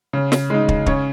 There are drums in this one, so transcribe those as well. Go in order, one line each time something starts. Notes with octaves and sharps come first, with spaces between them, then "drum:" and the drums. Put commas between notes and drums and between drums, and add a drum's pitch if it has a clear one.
C#3
drum: snare
G#3 D#4
drum: kick
C#3 C#4 C#5, drum: kick